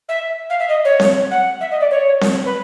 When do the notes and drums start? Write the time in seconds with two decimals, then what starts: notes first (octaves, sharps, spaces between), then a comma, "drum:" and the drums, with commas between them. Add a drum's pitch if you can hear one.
0.08 E5
0.49 F5
0.59 E5
0.69 D#5
0.84 C#5
1.00 drum: snare C4
1.31 F#5
1.60 E5
1.71 D#5
1.80 D5
1.90 C#5
2.21 drum: snare C4
2.45 B4